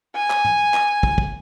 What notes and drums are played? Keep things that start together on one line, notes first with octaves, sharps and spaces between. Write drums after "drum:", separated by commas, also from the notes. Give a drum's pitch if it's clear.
G#5
drum: clap
drum: tom
drum: clap
drum: kick
drum: kick